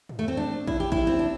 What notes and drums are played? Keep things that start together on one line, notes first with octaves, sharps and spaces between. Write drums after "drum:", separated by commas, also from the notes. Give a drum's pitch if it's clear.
drum: tom G#2
A3
C4
D4
E4, drum: kick
G4
E4, drum: kick
C4
D4